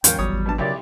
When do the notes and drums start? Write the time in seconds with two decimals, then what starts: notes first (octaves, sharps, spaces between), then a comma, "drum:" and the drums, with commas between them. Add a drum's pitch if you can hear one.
0.04 D#2 G#2 F3 C#4 F4 A#4 G5, drum: hi-hat
0.18 G#1 E2 F#3 G3 C#5 D#6
0.33 G#1
0.46 B2 F#3 A#3 D4 A5
0.58 B1 C#3 F#3 E4 G4 A#4 C#5 D5